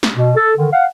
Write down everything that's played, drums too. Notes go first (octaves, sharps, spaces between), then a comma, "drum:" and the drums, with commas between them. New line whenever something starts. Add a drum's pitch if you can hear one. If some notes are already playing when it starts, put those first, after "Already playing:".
drum: snare
B2
A4
D3 D#3
F5 F#5